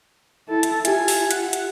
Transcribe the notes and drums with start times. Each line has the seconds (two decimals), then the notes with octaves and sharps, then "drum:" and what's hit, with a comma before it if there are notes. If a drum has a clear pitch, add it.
0.49 E4 A4
0.63 drum: hi-hat
0.85 F4 G4 E5 G#5, drum: hi-hat
1.08 drum: open hi-hat
1.31 F#5, drum: hi-hat
1.53 drum: hi-hat